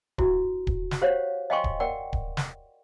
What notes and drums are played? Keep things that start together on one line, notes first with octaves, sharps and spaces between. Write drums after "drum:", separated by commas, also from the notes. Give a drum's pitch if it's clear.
E4 F#4, drum: kick D1
drum: kick D1
drum: snare
G4 C5 C#5 F5 F#5
D#5 F5 G5 G#5 C6 C#6
drum: kick D1
A#4 D5 F#5 G5
drum: kick D1
drum: snare